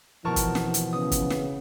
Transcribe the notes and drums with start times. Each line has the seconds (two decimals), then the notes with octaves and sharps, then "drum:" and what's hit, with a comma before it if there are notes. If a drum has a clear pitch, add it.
0.25 B2 E3 F3 A#4 A5 C#6
0.36 drum: kick, hi-hat
0.55 drum: snare
0.74 drum: hi-hat
0.93 C#3 B3 D#6
1.12 drum: kick, hi-hat
1.30 drum: snare